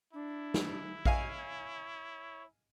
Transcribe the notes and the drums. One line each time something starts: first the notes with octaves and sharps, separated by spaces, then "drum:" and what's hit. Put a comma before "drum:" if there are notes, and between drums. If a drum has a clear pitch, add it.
D4 E4
drum: snare
C#5 D#5 F5 G#5, drum: kick A#1